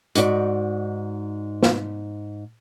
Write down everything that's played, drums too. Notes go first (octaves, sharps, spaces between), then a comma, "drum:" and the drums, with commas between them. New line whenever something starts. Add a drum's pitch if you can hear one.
G#2 D#4 F#4 D5, drum: hi-hat
drum: snare